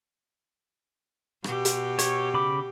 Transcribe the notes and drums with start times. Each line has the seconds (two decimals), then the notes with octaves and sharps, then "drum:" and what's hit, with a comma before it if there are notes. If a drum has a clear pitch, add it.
1.44 B2 G4, drum: rim click
1.65 drum: hi-hat
1.99 C#5, drum: hi-hat
2.34 C#3 B5 D6